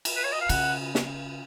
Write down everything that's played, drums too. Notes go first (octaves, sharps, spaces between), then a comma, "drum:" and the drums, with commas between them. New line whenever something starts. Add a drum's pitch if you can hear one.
drum: cymbal
B4
C#5
D#5
F5
C#3 F#5, drum: cymbal
drum: snare